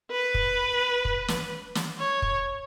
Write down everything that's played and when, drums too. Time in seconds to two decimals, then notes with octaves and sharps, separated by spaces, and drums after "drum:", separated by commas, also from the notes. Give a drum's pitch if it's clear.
0.11 B4
0.34 drum: kick
1.05 drum: kick
1.28 drum: snare
1.75 drum: snare
1.99 C#5
2.22 drum: kick